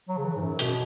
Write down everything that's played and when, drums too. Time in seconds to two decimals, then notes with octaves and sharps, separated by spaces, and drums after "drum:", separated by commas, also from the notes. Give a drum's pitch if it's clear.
0.08 F#3
0.18 C#3
0.25 E3
0.36 G#2
0.42 F#2
0.59 B2, drum: hi-hat